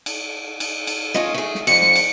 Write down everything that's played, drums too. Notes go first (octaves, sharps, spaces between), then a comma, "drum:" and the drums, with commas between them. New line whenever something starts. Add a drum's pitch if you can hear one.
drum: cymbal
drum: cymbal
drum: cymbal
C#4 F4 D#5, drum: snare
A3 G#4
drum: snare
F2 F3 C#7, drum: cymbal
drum: snare
drum: cymbal